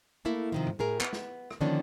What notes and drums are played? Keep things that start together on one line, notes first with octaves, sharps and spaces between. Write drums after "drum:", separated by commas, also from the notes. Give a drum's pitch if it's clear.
A3 A#3 E4
C3 D#3 F3
drum: tom
A2 G#4 A#4
B3, drum: clap
drum: snare
drum: rim click
D3 D#3 F3 A#3 C#4 D4